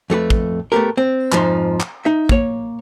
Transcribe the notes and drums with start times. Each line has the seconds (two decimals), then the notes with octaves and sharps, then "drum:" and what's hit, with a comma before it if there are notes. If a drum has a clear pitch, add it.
0.10 F2 A3 F#4 B4
0.30 drum: kick
0.72 A3 B3 C4 G4 A#4
0.97 C4
1.32 F2 G#2 F3 D#4 E5 C6, drum: clap
1.80 drum: clap
2.05 D#4 E5
2.29 A#3 C#5, drum: kick